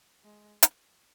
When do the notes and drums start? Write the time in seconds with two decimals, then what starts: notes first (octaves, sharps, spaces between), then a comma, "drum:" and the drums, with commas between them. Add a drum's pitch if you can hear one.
0.23 G#3
0.63 drum: hi-hat